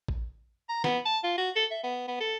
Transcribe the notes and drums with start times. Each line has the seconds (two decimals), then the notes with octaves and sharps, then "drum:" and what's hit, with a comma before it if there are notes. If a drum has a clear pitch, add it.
0.08 drum: kick
0.69 A#5
0.84 B3, drum: snare
1.05 A5
1.24 F4
1.38 F#4
1.56 A4
1.71 E5
1.84 B3
2.08 B3
2.20 A4